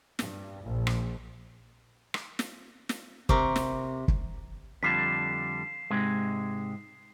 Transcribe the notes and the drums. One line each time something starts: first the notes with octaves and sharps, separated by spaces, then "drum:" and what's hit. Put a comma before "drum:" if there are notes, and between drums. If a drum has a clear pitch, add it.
G2, drum: snare
A#1
drum: rim click
drum: rim click
drum: snare
drum: snare
C3 A#4 C#6 D6, drum: kick
drum: snare
drum: kick
F2 D3 G3 B6 C7 E7
G#2 C3 G#3